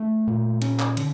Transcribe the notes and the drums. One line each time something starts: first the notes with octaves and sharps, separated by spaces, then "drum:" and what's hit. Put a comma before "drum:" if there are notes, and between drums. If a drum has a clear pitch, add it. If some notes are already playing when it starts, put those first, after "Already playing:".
Already playing: A3
A#2
C#4, drum: cymbal
drum: clap
D3, drum: cymbal